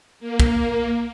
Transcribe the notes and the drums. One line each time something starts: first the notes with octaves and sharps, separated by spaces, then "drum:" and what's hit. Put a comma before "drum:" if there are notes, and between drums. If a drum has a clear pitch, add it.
A#3
drum: kick